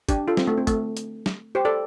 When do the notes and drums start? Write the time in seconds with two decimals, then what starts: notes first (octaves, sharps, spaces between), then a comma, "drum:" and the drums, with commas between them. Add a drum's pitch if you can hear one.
0.09 D4 G4, drum: kick, hi-hat
0.28 F4 A4
0.37 C4, drum: snare
0.48 A3
0.57 C4
0.67 A3, drum: kick, hi-hat
0.97 drum: hi-hat
1.26 drum: snare
1.55 G4 C5
1.65 A4 D5